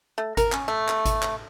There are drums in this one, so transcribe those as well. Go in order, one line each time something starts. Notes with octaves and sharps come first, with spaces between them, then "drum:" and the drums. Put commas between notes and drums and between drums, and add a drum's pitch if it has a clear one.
A3
A#4, drum: kick G#1, hi-hat
C#4, drum: clap
A3
drum: clap
drum: kick G#1, hi-hat
drum: clap